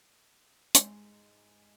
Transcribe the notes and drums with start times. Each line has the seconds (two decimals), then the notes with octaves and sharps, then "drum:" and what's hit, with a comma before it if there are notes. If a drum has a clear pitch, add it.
0.74 G#2 G#3, drum: hi-hat